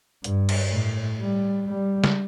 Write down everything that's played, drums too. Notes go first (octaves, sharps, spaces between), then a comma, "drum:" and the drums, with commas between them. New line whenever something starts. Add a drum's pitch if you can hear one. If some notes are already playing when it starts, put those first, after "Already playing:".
G2, drum: hi-hat
drum: cymbal
A2
G3
G3
drum: snare